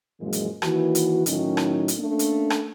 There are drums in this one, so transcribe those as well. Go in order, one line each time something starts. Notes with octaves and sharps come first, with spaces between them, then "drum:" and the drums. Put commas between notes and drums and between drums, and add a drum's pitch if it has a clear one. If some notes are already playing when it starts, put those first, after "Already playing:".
F#2 A#2 E3 F3 G#3
drum: hi-hat
D#2 E3 F#4, drum: rim click
drum: hi-hat
A2 D#3 F#3 C#4 D#4, drum: hi-hat
drum: rim click
drum: hi-hat
A3 A#3 C#4 D4
drum: hi-hat
drum: rim click